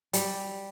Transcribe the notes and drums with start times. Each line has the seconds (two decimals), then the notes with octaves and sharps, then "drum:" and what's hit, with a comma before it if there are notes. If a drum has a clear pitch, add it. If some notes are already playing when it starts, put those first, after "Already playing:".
0.13 G3, drum: hi-hat